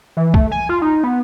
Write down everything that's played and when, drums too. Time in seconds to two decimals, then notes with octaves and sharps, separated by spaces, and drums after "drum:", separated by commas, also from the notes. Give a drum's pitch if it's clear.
0.17 E3
0.34 A3, drum: kick
0.52 G#5
0.69 F4
0.82 D#4
1.03 B3